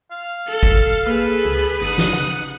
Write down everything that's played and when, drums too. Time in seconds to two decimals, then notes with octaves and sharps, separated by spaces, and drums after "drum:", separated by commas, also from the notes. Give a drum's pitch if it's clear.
0.12 F5
0.47 A4
0.63 drum: kick
1.07 A#3 G#4 A4 B4
1.45 C#2
1.81 G#1 D#4 F#5 D#6
1.98 drum: snare
2.13 C#3